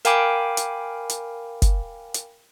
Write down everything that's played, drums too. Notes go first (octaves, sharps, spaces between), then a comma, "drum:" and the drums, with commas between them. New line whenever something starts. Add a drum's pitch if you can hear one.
A#4 F5 G5 G#5 B5 D6, drum: hi-hat
drum: hi-hat
drum: hi-hat
drum: kick F#1, hi-hat
drum: hi-hat